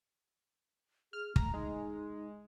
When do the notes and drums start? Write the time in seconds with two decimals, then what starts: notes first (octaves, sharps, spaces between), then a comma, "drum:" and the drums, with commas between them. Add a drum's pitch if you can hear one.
1.13 G#4 F6
1.36 A3 A#5, drum: kick
1.54 G#3 D#4